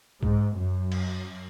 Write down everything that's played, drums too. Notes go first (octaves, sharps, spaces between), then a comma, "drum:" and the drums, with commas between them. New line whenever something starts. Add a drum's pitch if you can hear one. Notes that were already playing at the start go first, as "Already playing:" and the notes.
G#2, drum: kick B1
F#2
drum: cymbal